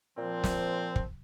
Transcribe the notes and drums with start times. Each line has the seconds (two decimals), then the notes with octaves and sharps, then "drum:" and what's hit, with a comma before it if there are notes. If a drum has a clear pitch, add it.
0.18 A#2 F3 C4
0.44 drum: snare
0.96 drum: kick